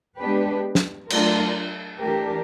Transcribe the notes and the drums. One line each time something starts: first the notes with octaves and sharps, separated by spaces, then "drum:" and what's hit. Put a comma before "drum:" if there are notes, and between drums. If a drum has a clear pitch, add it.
G#3 B3 D4 G4 B4
drum: snare
F#3 A3 D4 F4 A#4, drum: cymbal
E3 A3 D4 G4 A#4